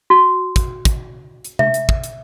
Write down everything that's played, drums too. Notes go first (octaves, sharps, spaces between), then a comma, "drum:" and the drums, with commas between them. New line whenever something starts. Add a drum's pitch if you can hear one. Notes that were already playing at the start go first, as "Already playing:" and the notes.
F#4
drum: kick, hi-hat
drum: kick, hi-hat
drum: hi-hat
E5, drum: tom C3
drum: hi-hat
drum: kick
drum: hi-hat